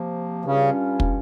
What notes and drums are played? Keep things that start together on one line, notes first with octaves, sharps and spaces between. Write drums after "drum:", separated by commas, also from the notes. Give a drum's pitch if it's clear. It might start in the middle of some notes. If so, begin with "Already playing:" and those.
Already playing: C3 F3 A#3
G2 C#3 G3 C#4 F4
drum: kick